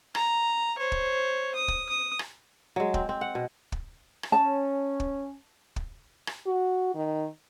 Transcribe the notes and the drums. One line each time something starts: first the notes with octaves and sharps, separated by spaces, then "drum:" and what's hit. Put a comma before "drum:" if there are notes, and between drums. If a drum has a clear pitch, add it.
A#5, drum: rim click
C5 C#5
drum: kick
D#6
drum: kick
D#6
drum: rim click
F#3 G#3
C4, drum: kick
C4
F#5
B2
drum: kick
drum: rim click
C#4 A5
drum: kick
drum: kick
drum: rim click
F#4
D#3